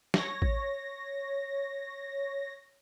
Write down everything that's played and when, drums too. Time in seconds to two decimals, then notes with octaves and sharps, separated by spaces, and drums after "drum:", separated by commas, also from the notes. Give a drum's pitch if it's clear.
0.14 C#5 A#6, drum: snare
0.42 drum: kick A1